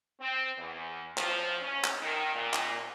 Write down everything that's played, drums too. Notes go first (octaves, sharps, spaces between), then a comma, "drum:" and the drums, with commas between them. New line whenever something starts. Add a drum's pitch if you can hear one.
C4
E2
F3, drum: clap
C#4
drum: clap
D#3
A#2
drum: clap